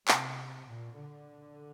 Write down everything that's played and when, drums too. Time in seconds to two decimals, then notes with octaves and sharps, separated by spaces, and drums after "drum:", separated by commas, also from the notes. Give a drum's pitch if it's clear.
0.08 C3, drum: clap
0.67 A#2
0.97 D3